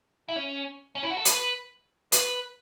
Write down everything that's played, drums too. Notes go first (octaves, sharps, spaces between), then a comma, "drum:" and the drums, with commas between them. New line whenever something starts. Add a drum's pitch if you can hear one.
E4
C#4
C#4
E4
F#4
A4
B4, drum: hi-hat
B4, drum: hi-hat